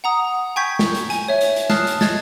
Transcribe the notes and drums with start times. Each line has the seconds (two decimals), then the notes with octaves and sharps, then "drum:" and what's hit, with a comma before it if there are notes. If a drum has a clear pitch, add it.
0.04 F#5 A#5 D#6
0.56 G5 G#5 C#6 G6 G#6 B6
0.79 drum: snare
0.95 drum: hi-hat
1.10 G#5, drum: hi-hat
1.28 C#5 E5
1.41 drum: hi-hat
1.56 drum: hi-hat
1.70 A5 D#6 F6 F#6 A6 C7, drum: snare
1.87 drum: hi-hat
2.01 D#5 G#6 A6, drum: snare